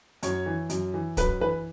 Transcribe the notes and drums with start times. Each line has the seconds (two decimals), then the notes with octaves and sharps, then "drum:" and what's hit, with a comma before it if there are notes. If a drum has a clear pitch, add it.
0.23 F#2 C#5, drum: hi-hat
0.46 E3
0.70 F#2, drum: hi-hat
0.94 E3
1.17 F#2 B4, drum: kick, hi-hat
1.40 E3 B4